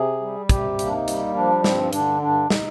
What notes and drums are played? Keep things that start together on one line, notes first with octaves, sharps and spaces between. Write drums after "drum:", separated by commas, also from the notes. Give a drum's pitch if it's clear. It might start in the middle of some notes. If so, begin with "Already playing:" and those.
Already playing: C3 G#4
G3
C3 G4, drum: kick, hi-hat
A#3, drum: hi-hat
D4
D#4
G3, drum: hi-hat
F3 D4
G2 C4, drum: snare
D3 D4, drum: hi-hat
G2 D4
D#4, drum: snare